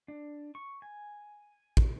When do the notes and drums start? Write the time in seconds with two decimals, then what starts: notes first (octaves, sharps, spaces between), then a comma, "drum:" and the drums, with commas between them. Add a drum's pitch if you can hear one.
0.08 D4
0.55 C#6
0.82 G#5
1.77 drum: kick